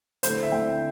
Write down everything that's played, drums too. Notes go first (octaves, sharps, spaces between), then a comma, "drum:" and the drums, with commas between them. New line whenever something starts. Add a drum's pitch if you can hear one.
D3 A3 C4 E4 C5, drum: hi-hat
E5
D3 A3 C4 E4 G5